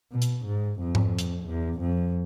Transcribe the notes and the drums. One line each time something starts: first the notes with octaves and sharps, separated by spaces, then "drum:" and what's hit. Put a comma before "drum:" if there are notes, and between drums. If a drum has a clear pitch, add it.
B2
drum: hi-hat
G#2
F2
drum: tom G#2
drum: hi-hat
E2
F2